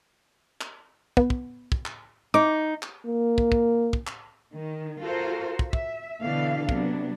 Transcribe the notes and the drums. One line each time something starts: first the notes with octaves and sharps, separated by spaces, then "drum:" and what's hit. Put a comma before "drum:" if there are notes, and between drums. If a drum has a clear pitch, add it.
drum: clap
B3, drum: kick
drum: kick
drum: kick
drum: clap
D#4 D6
drum: clap
A#3
drum: kick
drum: kick
drum: kick
drum: clap
D#3
F4 F#4 A4 A#4 C5
drum: kick
E5, drum: kick
B2 D3 E3 D4 A4 F5
C3 F#3 B3 D4, drum: kick